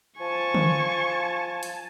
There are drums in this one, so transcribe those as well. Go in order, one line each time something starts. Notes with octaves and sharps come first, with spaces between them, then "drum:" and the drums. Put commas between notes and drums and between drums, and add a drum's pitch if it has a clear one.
F3 G#5 A5 C#6
drum: tom D3
drum: hi-hat